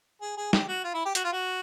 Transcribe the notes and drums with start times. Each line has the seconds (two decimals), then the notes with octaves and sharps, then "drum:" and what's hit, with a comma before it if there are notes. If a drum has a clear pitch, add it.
0.21 G#4
0.37 G#4
0.53 G4, drum: snare
0.68 F#4
0.84 F4
0.94 E4
1.05 G4
1.15 F#4, drum: hi-hat
1.24 F4
1.32 F#4